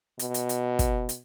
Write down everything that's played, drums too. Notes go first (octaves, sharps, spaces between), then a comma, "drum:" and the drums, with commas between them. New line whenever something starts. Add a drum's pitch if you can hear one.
B2, drum: hi-hat
drum: hi-hat
drum: hi-hat
drum: kick, hi-hat
drum: hi-hat